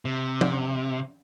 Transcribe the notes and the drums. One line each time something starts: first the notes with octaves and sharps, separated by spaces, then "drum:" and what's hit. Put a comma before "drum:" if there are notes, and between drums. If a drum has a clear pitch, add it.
C3
drum: tom